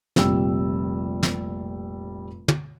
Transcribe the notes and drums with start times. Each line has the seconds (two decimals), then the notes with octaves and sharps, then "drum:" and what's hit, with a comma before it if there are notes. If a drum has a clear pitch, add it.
0.16 F1 A#1 C3 G3 E6, drum: snare
1.23 drum: snare
2.48 drum: tom